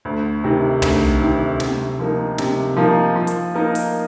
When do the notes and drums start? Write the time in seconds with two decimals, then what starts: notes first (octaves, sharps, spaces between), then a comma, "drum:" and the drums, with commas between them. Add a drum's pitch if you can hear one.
0.05 D2
0.44 C3 D#3
0.82 D2, drum: tom
1.21 C3 D#3
1.60 C3, drum: snare
1.99 F3 A#3 D#4
2.38 C3, drum: snare
2.77 F3 A#3 D#4
3.15 F3
3.27 drum: hi-hat
3.54 A#3 D#4 A#4
3.75 drum: open hi-hat